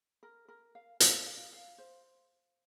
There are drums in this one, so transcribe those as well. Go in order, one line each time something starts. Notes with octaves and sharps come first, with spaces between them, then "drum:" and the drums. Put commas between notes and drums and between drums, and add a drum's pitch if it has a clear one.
A#4
A#4
F5
F5, drum: hi-hat
F5
F5
C5